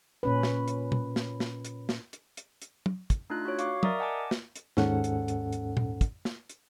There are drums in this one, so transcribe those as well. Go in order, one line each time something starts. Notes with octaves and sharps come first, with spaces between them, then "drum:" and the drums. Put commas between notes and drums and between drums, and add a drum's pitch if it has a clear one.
A#2 C#4 B4
drum: snare
drum: hi-hat
drum: tom
drum: snare
drum: snare
drum: hi-hat
drum: snare
drum: hi-hat
drum: hi-hat
drum: hi-hat
drum: tom
drum: kick, hi-hat
A3 D4 D#4 F4 F#6
F#4 C#5
F5 C#6 D6, drum: hi-hat
A#4 D5 E5 A#5 D6 D#6, drum: tom
D#5 F#5 G#5 A5 D6
drum: snare
drum: hi-hat
D#2 G#2 C#4 A4 F#5, drum: snare
drum: hi-hat
drum: hi-hat
drum: hi-hat
drum: tom A#2
drum: kick, hi-hat
drum: snare
drum: hi-hat